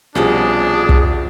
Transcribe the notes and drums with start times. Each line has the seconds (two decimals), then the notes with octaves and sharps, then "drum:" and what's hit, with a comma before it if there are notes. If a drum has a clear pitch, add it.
0.15 C2 B2 F3 G3 C#4 D4 G#4
0.89 drum: kick